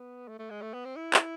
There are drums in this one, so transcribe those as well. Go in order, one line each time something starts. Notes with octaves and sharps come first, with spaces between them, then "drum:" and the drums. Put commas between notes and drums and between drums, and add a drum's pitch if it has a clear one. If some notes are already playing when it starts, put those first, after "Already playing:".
Already playing: B3
A3
A3
G#3
A3
B3
C4
E4
drum: clap